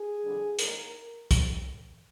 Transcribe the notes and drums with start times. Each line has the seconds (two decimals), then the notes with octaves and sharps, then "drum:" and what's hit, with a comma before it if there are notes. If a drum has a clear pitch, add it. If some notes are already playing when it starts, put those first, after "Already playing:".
Already playing: G#4
0.23 F2 D3 G3 D4
0.59 G#2 D#3 A#3 A#4, drum: hi-hat
1.31 drum: kick, hi-hat